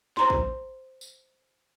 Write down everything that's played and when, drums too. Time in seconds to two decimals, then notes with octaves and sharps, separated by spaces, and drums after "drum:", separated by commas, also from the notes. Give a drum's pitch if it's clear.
0.17 C5 A#5 C6, drum: snare
0.30 drum: kick
1.01 drum: tambourine